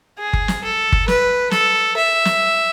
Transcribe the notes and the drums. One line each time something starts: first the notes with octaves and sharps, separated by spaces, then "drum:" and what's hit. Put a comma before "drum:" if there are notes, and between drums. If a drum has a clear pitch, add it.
G#4
drum: kick G1
drum: snare
A4
drum: kick G1
B4, drum: snare
A4, drum: snare
E5
drum: snare